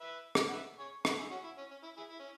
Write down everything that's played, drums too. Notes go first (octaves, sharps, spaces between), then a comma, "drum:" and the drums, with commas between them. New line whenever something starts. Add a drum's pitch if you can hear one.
B4 E5
drum: rim click
F#5
B4 E5
G#4 C#5
F#4 B4, drum: rim click
E4 G#4
C#4 F#4
E4
C#4
C#4
E4
E4 G#4
E4
C#4